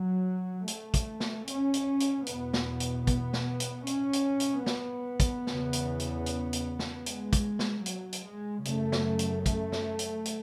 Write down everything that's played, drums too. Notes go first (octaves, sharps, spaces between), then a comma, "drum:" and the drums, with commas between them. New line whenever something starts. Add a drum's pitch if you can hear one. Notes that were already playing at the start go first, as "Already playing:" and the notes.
Already playing: F#3
A3, drum: hi-hat
drum: kick, hi-hat
drum: snare
C#4, drum: hi-hat
drum: hi-hat
drum: hi-hat
E2 B2 B3, drum: hi-hat
drum: snare
drum: hi-hat
B3, drum: kick, hi-hat
drum: snare
drum: hi-hat
C#4, drum: hi-hat
drum: hi-hat
drum: hi-hat
B3, drum: snare
drum: kick, hi-hat
E2 C#3, drum: snare
drum: hi-hat
drum: hi-hat
drum: hi-hat
drum: hi-hat
drum: snare
G#3, drum: hi-hat
drum: kick, hi-hat
drum: snare
F#3, drum: hi-hat
drum: hi-hat
G#3
F#2 C#3 A3, drum: hi-hat
drum: snare
drum: hi-hat
A3, drum: kick, hi-hat
drum: snare
drum: hi-hat
drum: hi-hat